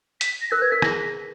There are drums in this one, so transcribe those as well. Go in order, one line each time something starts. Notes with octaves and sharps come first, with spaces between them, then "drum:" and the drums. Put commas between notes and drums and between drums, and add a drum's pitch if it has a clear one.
B6, drum: hi-hat
A#6
A#4 F#6
B4 G#6
A#4 B6
G#4 A#6, drum: rim click